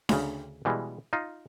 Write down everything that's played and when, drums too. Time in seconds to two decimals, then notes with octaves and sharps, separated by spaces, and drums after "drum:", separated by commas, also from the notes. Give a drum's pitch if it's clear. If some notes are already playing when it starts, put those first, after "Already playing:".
0.09 D2 C#3, drum: snare D4
0.65 B2 E3 G3 G#3
1.13 D#4 F4